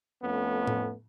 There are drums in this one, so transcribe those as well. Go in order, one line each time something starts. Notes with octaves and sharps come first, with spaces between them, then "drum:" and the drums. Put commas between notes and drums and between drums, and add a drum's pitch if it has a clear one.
F2 A3 B3 C#4
drum: tom A2